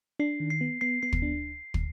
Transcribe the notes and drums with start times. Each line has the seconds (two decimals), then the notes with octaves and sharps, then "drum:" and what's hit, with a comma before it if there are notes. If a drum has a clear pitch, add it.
0.19 D4 C7
0.40 D#3
0.50 C7
0.61 B3
0.81 B3 C7
1.03 B3 C7
1.13 drum: kick
1.22 D4
1.74 drum: kick